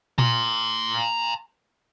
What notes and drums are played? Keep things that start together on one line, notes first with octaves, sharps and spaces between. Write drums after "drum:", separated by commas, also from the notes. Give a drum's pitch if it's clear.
A#5 C6, drum: tom A#2